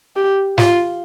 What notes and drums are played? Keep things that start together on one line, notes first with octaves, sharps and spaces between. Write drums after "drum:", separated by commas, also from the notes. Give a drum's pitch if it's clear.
G4
F4, drum: snare